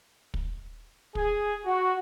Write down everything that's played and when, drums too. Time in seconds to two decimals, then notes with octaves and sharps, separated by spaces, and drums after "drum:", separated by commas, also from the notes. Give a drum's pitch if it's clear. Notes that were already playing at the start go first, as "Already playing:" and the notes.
0.34 drum: kick
1.15 G#4, drum: kick
1.65 F#4